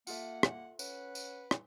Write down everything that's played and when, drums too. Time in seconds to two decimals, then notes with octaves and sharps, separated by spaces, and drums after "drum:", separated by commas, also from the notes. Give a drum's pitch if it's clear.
0.07 A#3 F4 A4 E5 F#5, drum: tambourine
0.43 drum: rim click
0.79 C#4 B4 F#5, drum: tambourine
1.15 drum: tambourine
1.51 drum: rim click